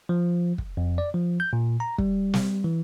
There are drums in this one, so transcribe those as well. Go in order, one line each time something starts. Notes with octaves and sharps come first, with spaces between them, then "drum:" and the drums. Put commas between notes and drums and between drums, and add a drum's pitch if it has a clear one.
F3
drum: kick
F2
D5
F3
G6
A#2
A#5
G3, drum: kick
drum: snare
E3